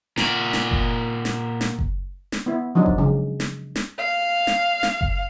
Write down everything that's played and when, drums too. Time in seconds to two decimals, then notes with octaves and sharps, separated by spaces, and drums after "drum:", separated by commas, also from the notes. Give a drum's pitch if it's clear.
0.17 A#2 F#4, drum: snare
0.53 drum: snare
0.71 drum: kick F#1
1.25 drum: snare
1.61 drum: snare
1.79 drum: kick F#1
2.32 drum: snare
2.46 B3 E4
2.75 F3 F#3 D4 D#4
2.86 drum: kick F#1
2.98 C#3
3.40 drum: snare
3.76 drum: snare
3.98 F5
4.47 drum: snare
4.83 drum: snare
5.01 drum: kick F#1